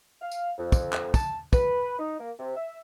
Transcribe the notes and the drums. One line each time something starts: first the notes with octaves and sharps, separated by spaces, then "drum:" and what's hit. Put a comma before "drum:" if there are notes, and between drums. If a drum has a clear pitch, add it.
F5
drum: tambourine
F2
drum: kick, tambourine
drum: clap
A5, drum: kick, tambourine
B4, drum: kick, tambourine
D#4
A#3
C3
E5